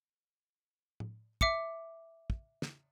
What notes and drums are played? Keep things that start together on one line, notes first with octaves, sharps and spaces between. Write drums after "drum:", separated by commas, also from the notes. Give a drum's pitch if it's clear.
drum: tom A2
E5 D6 C#7, drum: kick
drum: kick
drum: snare